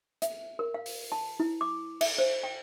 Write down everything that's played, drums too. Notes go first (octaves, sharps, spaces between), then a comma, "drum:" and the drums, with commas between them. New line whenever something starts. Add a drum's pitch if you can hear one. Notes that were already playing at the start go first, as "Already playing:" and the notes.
E5, drum: hi-hat
A#4
F5
drum: open hi-hat
A5
E4
D6
E5, drum: cymbal
C5
G5